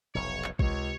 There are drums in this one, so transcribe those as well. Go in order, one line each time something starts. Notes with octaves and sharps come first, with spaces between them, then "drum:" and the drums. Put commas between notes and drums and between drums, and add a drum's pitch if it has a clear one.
F1 B1 C#5
drum: clap
C#2 C3 C#5, drum: kick